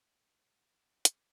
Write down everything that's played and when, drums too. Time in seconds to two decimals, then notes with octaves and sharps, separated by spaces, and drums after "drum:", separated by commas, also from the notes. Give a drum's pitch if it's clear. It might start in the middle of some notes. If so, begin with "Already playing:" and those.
0.06 D4
0.36 C#5
0.55 F#5
0.91 B5
1.05 D6, drum: hi-hat